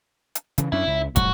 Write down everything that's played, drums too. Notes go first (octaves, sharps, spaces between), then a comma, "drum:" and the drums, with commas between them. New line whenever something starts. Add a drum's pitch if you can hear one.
drum: hi-hat
C#3 E3, drum: hi-hat
F#2 C#4 D4 E4
C#2
A#1 G#2 F#3 F#4, drum: kick, hi-hat